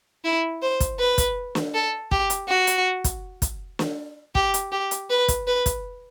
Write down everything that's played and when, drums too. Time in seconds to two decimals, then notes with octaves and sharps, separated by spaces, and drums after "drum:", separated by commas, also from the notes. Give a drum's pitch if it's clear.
0.24 E4
0.62 C5
0.80 drum: kick, hi-hat
0.99 B4
1.18 drum: kick, hi-hat
1.55 drum: snare
1.74 A4
2.11 G4, drum: kick
2.30 drum: hi-hat
2.48 F#4
2.67 drum: hi-hat
3.04 drum: kick, hi-hat
3.42 drum: kick, hi-hat
3.79 drum: snare
4.35 G4, drum: kick
4.54 drum: hi-hat
4.72 G4
4.91 drum: hi-hat
5.10 B4
5.28 drum: kick, hi-hat
5.47 B4
5.66 drum: kick, hi-hat